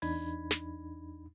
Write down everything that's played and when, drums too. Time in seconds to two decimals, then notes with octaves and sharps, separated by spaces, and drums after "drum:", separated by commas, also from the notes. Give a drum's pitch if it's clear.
0.02 E2 D4 D#4 B5 G#6, drum: open hi-hat
0.51 drum: snare